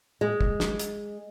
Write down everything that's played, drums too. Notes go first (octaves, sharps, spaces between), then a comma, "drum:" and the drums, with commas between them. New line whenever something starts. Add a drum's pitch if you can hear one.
G#3
drum: kick
drum: snare
drum: hi-hat